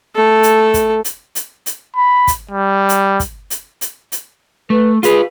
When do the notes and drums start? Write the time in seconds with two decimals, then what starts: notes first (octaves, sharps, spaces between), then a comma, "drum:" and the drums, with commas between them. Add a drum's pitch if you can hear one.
0.16 A3 A4
0.43 drum: hi-hat
0.74 drum: kick, hi-hat
1.05 drum: hi-hat
1.35 drum: hi-hat
1.66 drum: hi-hat
1.97 B5
2.27 drum: kick, hi-hat
2.52 G3
2.89 drum: hi-hat
3.20 drum: kick, hi-hat
3.50 drum: hi-hat
3.81 drum: hi-hat
4.12 drum: hi-hat
4.70 A3 B4
5.03 F4 G#4 B4, drum: hi-hat